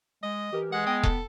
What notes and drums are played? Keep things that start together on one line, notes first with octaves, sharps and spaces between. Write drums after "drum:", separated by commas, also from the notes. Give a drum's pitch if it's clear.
G#3 D#5
E3 G4 A#4
G#3 F#5
B3 D#5 G5
A4, drum: kick E1